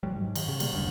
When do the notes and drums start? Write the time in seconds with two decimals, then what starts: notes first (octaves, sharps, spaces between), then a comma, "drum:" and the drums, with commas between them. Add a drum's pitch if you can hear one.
0.03 E1 A1 F#3 G3
0.16 G#2
0.36 D#3, drum: cymbal
0.48 C#3
0.60 B2 G3 A#3, drum: cymbal
0.73 E1 C#2 F#2 D3